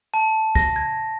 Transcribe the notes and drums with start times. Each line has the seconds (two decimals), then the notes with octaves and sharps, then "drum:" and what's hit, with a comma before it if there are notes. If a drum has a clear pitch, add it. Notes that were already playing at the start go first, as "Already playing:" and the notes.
0.14 A5
0.55 A#6, drum: kick
0.76 G#6